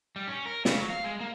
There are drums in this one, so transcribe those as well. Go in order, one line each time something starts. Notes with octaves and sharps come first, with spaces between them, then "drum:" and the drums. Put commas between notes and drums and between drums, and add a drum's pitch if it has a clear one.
G3
C#4
A#4
C#3, drum: snare
F#3
F5
G#3
A#3